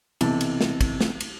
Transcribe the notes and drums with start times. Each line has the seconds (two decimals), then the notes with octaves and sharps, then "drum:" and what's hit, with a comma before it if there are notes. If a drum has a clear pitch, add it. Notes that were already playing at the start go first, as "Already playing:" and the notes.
0.21 B1 C3 E3 A5, drum: cymbal
0.41 drum: cymbal
0.61 drum: snare
0.81 drum: kick, cymbal
1.01 drum: snare
1.20 drum: cymbal